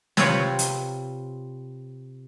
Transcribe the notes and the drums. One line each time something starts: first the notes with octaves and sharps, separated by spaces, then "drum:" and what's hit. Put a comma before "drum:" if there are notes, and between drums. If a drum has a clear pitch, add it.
C3 C4 F4 B4 C#5 G5, drum: snare
drum: hi-hat